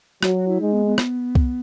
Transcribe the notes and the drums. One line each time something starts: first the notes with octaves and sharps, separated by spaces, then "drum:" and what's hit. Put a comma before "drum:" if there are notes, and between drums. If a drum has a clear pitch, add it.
F#3 F#4, drum: rim click
F#4
E4
G#3 D#4
B3
B3
drum: rim click
drum: kick C2